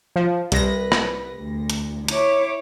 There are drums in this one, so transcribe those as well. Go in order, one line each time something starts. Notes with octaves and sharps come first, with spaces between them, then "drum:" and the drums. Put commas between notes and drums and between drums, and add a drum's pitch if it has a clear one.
F3
C2 B4 A#6, drum: hi-hat
drum: rim click
D2
drum: hi-hat
E4 C#5 D6, drum: hi-hat